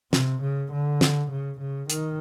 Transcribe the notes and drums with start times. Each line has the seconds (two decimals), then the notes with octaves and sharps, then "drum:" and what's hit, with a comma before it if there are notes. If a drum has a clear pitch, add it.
0.13 C3, drum: snare
0.42 C#3
0.72 D3
1.01 drum: snare
1.31 C#3
1.60 C#3
1.90 D#3, drum: hi-hat